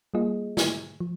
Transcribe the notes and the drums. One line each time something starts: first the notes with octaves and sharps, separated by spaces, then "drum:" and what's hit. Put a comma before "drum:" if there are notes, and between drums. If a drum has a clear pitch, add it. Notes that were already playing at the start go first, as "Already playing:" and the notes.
G3 A#3 F4 G#4 D#5
drum: snare
F3